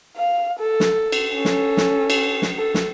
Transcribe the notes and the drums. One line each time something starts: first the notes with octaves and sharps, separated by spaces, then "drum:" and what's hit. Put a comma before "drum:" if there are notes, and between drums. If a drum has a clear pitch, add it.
F5
A4
drum: snare
drum: cymbal
C#4 A4
drum: snare
drum: snare
drum: cymbal
drum: snare
A4
drum: snare